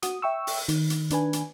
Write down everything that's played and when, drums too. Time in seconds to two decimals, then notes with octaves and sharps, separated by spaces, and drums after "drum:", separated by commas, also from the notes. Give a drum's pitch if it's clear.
0.02 F#4 D#6, drum: hi-hat
0.22 E5 G5 C#6 E6
0.47 drum: open hi-hat
0.68 D#3, drum: hi-hat
0.90 drum: hi-hat
1.10 D#3 D4 B4 G#5, drum: hi-hat
1.33 drum: hi-hat